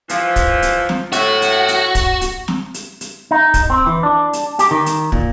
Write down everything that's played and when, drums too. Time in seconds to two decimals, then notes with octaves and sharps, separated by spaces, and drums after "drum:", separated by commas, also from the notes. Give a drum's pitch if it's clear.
0.09 E3 F3, drum: hi-hat
0.36 drum: kick, hi-hat
0.62 drum: hi-hat
0.89 drum: snare
1.13 A2 F#4, drum: hi-hat
1.42 drum: hi-hat
1.68 drum: hi-hat
1.95 drum: kick, hi-hat
2.21 drum: hi-hat
2.48 drum: snare
2.74 drum: hi-hat
3.01 drum: hi-hat
3.31 D#4
3.54 drum: kick, hi-hat
3.70 C4
3.86 E3
4.03 D4
4.33 drum: hi-hat
4.59 G4, drum: hi-hat
4.71 D#3
4.86 drum: hi-hat
5.12 A#2, drum: kick